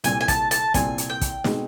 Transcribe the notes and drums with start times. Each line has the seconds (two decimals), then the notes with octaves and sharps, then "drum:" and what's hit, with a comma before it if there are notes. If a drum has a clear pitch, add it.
0.04 C2 A#2 G3 C4 G#5, drum: hi-hat
0.21 G#5
0.28 A5, drum: kick, hi-hat
0.51 A5, drum: hi-hat
0.74 C2 A#2 G3 C4 G#5, drum: kick, hi-hat
0.98 drum: hi-hat
1.10 G5
1.21 drum: kick, hi-hat
1.44 B2 G#3 C4 D#4, drum: snare